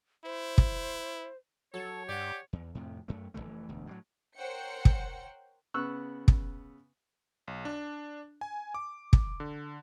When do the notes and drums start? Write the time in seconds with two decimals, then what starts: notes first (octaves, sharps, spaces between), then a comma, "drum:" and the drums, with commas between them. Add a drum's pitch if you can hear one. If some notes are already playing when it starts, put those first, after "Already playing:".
0.25 E4 C5
0.58 drum: kick
1.74 F#3 A4 C#5
2.09 G2 G4 D5 F#5
2.53 E2
2.75 F2 A2 C3
3.08 F#2 A3
3.34 F1 E2 E3 A3
3.69 E1 D2
3.87 A2 D3 F#3
4.36 A#4 C5 C#5 F#5 G5 C#7
4.85 drum: kick
5.74 C#3 B3 C#6 E6 F#6
6.28 drum: kick
7.48 B1
7.65 D4
8.41 G#5
8.74 D6
9.13 drum: kick
9.40 D3